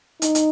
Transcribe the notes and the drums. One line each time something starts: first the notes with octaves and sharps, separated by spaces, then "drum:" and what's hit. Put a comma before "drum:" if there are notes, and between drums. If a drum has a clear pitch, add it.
D#4, drum: hi-hat
drum: hi-hat